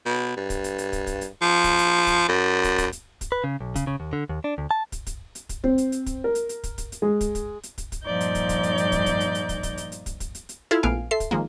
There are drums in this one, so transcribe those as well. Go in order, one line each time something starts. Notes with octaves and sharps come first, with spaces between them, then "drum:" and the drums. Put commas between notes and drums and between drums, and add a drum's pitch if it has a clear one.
B2
G2
drum: kick, hi-hat
drum: hi-hat
drum: hi-hat
drum: kick, hi-hat
drum: kick, hi-hat
drum: hi-hat
F3
drum: kick, hi-hat
drum: hi-hat
drum: kick, hi-hat
F#2
drum: kick, hi-hat
drum: kick, hi-hat
drum: hi-hat
drum: kick, hi-hat
B4
C#3
B1
C#3, drum: kick, hi-hat
C#3
D#2
D3
D#2
D4
D2
A5
drum: kick, hi-hat
drum: kick, hi-hat
drum: hi-hat
drum: kick, hi-hat
C4, drum: kick
drum: hi-hat
drum: hi-hat
drum: kick, hi-hat
A#4
drum: hi-hat
drum: hi-hat
drum: kick, hi-hat
drum: kick, hi-hat
drum: hi-hat
G#3
drum: kick, hi-hat
drum: kick, hi-hat
drum: hi-hat
drum: kick, hi-hat
drum: kick, hi-hat
G2 A#2 F3 D#4 D5 G6
drum: hi-hat
drum: kick, hi-hat
drum: kick, hi-hat
drum: hi-hat
drum: hi-hat
drum: kick, hi-hat
drum: kick, hi-hat
drum: hi-hat
drum: hi-hat
drum: kick, hi-hat
drum: kick, hi-hat
drum: hi-hat
drum: hi-hat
drum: kick, hi-hat
drum: kick, hi-hat
drum: hi-hat
drum: hi-hat
E4 F4 A4 F5 F6 G#6
A#1 A3 B3 F5 G#5 D7
A4 E5 C6 C7
drum: kick, hi-hat
D#3 F3 G#3 A#3